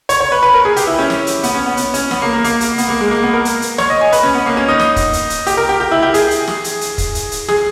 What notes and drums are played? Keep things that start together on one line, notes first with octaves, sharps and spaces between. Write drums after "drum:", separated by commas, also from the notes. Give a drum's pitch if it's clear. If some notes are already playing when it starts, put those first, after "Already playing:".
C#5, drum: hi-hat
C#5
B4
B4
A#4
G#4
G4, drum: hi-hat
E4
C#4
drum: snare
drum: hi-hat
B3, drum: hi-hat
C#4
B3
B3, drum: hi-hat
C#4, drum: hi-hat
B3, drum: snare
A#3
A#3
A#3, drum: hi-hat
A#3, drum: hi-hat
B3, drum: hi-hat
A#3
G#3
A#3
B3
A#4
drum: hi-hat
drum: hi-hat
C#5, drum: snare
D#5
G#5
B4, drum: hi-hat
C#4
B3
A#3
C#4
D#4
drum: snare
drum: kick, hi-hat
drum: hi-hat
drum: hi-hat
G4, drum: hi-hat
A#4
G4
G4
E4
G4
G#4, drum: hi-hat
drum: hi-hat
drum: snare
drum: hi-hat
drum: hi-hat
drum: kick, hi-hat
drum: hi-hat
drum: hi-hat
G#4, drum: snare